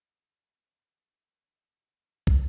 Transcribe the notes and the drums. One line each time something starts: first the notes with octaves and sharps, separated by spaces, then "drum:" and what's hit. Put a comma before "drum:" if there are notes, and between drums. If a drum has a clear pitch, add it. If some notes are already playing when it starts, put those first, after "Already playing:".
F#4 G4 A#4 C#5 F5
drum: kick